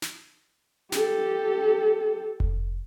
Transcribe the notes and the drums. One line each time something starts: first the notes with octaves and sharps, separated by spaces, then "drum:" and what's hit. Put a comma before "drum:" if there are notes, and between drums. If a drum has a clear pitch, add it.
drum: snare
G4 A4, drum: snare
drum: kick F1